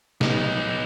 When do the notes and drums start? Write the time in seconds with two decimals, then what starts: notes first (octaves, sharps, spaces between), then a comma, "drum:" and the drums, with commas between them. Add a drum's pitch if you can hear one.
0.21 B3 D#4, drum: snare